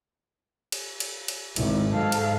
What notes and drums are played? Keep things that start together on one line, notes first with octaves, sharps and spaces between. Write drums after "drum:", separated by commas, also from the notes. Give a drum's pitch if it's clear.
drum: cymbal
drum: cymbal
drum: cymbal
G#1 E4, drum: cymbal
G#2 A4 F5
drum: cymbal